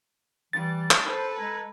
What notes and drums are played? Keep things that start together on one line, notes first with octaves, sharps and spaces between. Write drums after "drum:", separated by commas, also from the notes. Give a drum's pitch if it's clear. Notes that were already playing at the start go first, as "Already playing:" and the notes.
E3 G3 A6
drum: clap
A4 B4 C5
G#3 G#5 A#5